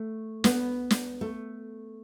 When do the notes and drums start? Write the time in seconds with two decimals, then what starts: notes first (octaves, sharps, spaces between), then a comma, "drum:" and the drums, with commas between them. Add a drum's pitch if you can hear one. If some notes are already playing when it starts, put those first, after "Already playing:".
Already playing: A3
0.44 B3, drum: snare
0.91 drum: snare
1.21 A3